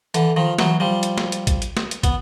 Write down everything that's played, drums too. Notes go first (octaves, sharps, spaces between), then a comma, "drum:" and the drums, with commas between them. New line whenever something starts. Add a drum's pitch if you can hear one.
D3 E3, drum: hi-hat
D#3 F3
E3 F#3, drum: snare
F3 G3
drum: hi-hat
drum: snare
drum: hi-hat
drum: kick, hi-hat
drum: hi-hat
drum: snare
drum: hi-hat
B3, drum: kick, hi-hat